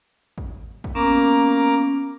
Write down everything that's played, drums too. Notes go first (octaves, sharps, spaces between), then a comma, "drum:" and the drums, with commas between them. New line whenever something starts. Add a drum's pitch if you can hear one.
drum: kick
drum: kick
A#3 B3 C#4 A#5 D6